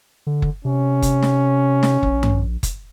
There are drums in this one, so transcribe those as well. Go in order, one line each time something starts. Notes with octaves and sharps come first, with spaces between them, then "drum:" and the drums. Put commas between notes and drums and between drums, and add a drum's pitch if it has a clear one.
D3
drum: kick F#1
C3 C#4
drum: kick F#1, hi-hat
drum: snare
drum: snare
A#1, drum: kick F#1
drum: tom G2
drum: kick F#1, hi-hat